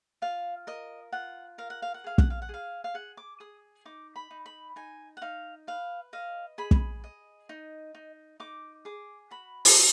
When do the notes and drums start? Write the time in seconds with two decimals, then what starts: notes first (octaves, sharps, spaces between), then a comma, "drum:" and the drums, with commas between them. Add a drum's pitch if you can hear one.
0.22 F4 F5
0.67 A#4 D#5
1.12 F4 F#5
1.58 A#4 F5
1.70 F#5
1.82 F5
1.94 F#5
2.04 G#4 F5
2.18 F#5, drum: kick
2.30 F5
2.42 F#5
2.49 G#4 F5
2.84 F5
2.94 G#4 F#5
3.17 D6
3.40 G#4 D#6
3.85 D#4 D6
4.16 B5
4.31 D#4
4.46 B5
4.76 D#4 G#5
5.17 F#5
5.22 D#4 F5
5.67 B4 F5
6.13 D#5 F5
6.58 G#4 B5
6.71 drum: kick
7.04 D#5
7.49 D#4
7.95 D#4
8.40 D#4 D6
8.85 G#4 D6
9.31 F#4 B5
9.65 B5, drum: open hi-hat
9.76 B4 A#5